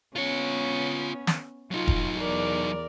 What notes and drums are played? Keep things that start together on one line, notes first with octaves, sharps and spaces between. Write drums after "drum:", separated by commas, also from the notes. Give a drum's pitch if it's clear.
B3 C#4 F4 C#5
drum: snare
F#3 D#4 F4
drum: kick E1
E2 A#4 D5